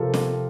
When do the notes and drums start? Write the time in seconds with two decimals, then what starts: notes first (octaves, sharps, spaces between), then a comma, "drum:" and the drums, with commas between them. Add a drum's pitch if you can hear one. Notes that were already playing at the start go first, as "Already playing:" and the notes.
Already playing: C3 F3 F4 G4 A4 A#4
0.14 drum: snare